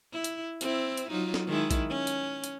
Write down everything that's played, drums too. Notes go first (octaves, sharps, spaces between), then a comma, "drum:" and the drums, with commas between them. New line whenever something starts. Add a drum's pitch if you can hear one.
E4
drum: hi-hat
C4 E4, drum: hi-hat
drum: hi-hat
F#3 D#4 F4
drum: snare
D#3 G#3 E4
drum: kick, hi-hat
C#4
drum: hi-hat
drum: hi-hat